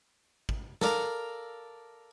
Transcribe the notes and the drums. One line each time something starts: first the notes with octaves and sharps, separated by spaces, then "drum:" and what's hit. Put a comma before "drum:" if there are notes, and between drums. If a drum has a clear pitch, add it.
drum: kick
A4 A#4 D5 F5 A#5, drum: snare